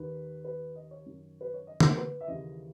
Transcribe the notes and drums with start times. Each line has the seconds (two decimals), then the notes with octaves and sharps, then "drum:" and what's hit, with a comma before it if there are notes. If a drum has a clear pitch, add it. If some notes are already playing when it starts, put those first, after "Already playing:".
Already playing: D#2 D#3 B4
0.44 B4
0.75 D#5
0.91 C#5
1.06 F#2 D#3
1.41 B4
1.54 C#5
1.67 D#5
1.80 drum: tom D3
1.92 A#4
1.97 B4
2.21 E5
2.27 D#2 C#3 E3 D#5